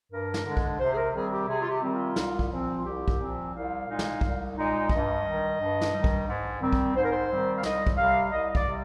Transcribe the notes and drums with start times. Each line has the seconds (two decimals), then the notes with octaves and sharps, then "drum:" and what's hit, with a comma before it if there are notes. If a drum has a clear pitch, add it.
0.11 G2 A#4
0.34 drum: snare
0.45 D3 G#3 D4
0.57 drum: kick A#1
0.79 C3 C5
0.92 G#4
0.96 A#4
1.14 D#3 G3 C4 G#4
1.31 G4
1.47 C3 G#4
1.61 F4
1.70 G4
1.82 D#3 G3 C4
1.94 F4
2.16 C2, drum: snare
2.39 drum: kick A#1
2.50 A#2 F3 C4
2.75 F4
2.84 C2 G4
3.08 drum: kick A#1
3.19 A#2 F3 C4
3.53 C2 F5
3.87 A#2 G#3 D#4
3.99 drum: snare
4.21 C2, drum: kick A#1
4.56 A#2 G#3 D#4
4.89 G2 D#5, drum: kick A#1
5.24 D#3 G3
5.58 G2
5.81 drum: snare
5.93 D#3 G3
6.04 drum: kick A#1
6.27 G#2
6.61 D#3 G3 C4
6.73 drum: kick A#1
6.95 G#2 C5
7.04 A#4
7.12 C5
7.29 D#3 G3 C4
7.56 F5
7.63 C2 D#5, drum: snare
7.87 drum: kick A#1
7.97 C3 G3 F5
8.32 C2 D#5
8.50 D#5
8.55 D5, drum: kick A#1
8.66 C3 G3